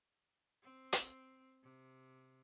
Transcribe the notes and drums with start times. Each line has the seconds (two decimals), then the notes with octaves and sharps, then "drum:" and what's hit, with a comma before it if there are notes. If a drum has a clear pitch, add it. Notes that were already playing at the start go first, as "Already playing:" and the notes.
0.63 C4
0.93 drum: hi-hat
1.63 C3